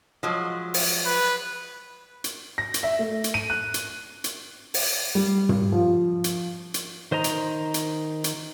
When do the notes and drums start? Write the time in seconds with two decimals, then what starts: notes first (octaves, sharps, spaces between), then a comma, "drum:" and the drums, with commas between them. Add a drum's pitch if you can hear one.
0.23 F3 F#3 G#3
0.74 drum: open hi-hat
1.06 B4
2.24 drum: hi-hat
2.58 A#6
2.74 drum: hi-hat
2.83 E5
2.99 A3
3.24 drum: hi-hat
3.34 D#7
3.50 F#6
3.74 drum: hi-hat
4.24 drum: hi-hat
4.74 drum: open hi-hat
5.15 G3
5.49 drum: tom
5.72 F3
6.24 drum: hi-hat
6.74 drum: hi-hat
7.11 D#3 C5 D#5 A#5
7.24 drum: hi-hat
7.74 drum: hi-hat
8.24 drum: hi-hat